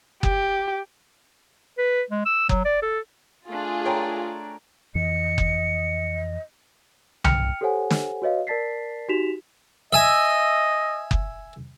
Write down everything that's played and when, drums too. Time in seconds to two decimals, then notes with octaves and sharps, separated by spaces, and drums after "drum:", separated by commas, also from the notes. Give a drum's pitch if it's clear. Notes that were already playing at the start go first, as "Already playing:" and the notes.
0.23 G4, drum: kick F#1
1.78 B4
2.10 G#3
2.26 E6
2.49 F#3, drum: kick F#1
2.65 D5
2.82 A4
3.48 A3 D4 F4 G#4
3.85 A#4 C#5 G5
4.95 F2 E3 D#5 C#7
5.38 drum: kick F#1
7.24 G5 F6 C#7 F7, drum: tom C2
7.61 G4 A4 C5 C#5 F#5 G#5
7.90 drum: snare
8.22 F#4 B4 C#5 D#5 F5
8.47 A#4 D5 A5 A6 B6 C7
9.08 D#4 F#4 G4 B6 E7 F7
9.93 D#5 E5 G#5
11.11 drum: kick F#1